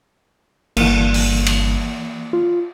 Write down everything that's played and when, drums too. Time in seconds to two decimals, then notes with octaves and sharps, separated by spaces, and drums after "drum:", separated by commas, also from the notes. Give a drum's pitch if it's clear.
0.77 G1 E3 A#3, drum: cymbal
1.14 drum: open hi-hat
1.46 drum: cymbal
2.33 F4